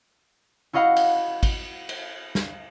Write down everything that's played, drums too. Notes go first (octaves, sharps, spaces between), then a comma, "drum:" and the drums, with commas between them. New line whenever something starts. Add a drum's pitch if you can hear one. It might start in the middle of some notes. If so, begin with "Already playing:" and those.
E4 F#4 D#5 F5 F#5 B5
drum: cymbal
drum: kick, cymbal
drum: cymbal
drum: snare